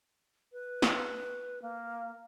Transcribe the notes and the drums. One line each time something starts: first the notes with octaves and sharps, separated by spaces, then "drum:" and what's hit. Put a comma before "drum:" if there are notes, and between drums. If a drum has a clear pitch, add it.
B4
drum: snare
A#3